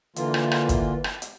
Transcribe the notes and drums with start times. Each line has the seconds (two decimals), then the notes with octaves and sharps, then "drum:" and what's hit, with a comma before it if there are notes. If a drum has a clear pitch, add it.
0.16 D3 E3 A#3 F4, drum: hi-hat
0.34 drum: rim click
0.51 drum: rim click
0.69 drum: kick, hi-hat
1.04 drum: rim click
1.22 drum: hi-hat